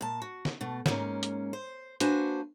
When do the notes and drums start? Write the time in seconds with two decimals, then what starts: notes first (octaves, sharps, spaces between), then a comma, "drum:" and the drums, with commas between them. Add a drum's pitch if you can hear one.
0.01 A#2 A5
0.22 F#4
0.45 drum: snare
0.61 B2 A3
0.86 G#2 A#3 C#4, drum: snare
1.23 drum: hi-hat
1.53 C5
2.00 A#3 D4 F#4 B4 C5 G#5, drum: hi-hat